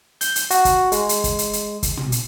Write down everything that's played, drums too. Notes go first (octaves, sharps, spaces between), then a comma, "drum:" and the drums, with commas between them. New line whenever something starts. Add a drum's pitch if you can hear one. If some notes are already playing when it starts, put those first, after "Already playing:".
G6, drum: hi-hat
drum: hi-hat
F#4, drum: hi-hat
drum: kick, hi-hat
G#3, drum: hi-hat
drum: hi-hat
drum: kick, hi-hat
drum: hi-hat
drum: hi-hat
drum: kick, hi-hat
drum: tom
drum: hi-hat